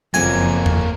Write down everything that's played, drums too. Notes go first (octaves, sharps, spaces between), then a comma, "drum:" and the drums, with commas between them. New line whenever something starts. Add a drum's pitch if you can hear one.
F#1 F2 A#3 F#4 G#5
drum: tom E2